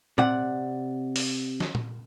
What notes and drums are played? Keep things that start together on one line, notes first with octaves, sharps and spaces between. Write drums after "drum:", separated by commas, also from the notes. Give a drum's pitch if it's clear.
C3 D5 F#5, drum: tom A#2
drum: open hi-hat
drum: snare
drum: tom A#2